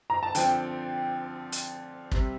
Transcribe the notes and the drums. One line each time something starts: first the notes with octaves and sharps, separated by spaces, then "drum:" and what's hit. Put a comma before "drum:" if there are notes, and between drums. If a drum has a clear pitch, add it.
A#5
A5
D3 F3 C4 G5, drum: hi-hat
drum: hi-hat
C3 G3 C4, drum: kick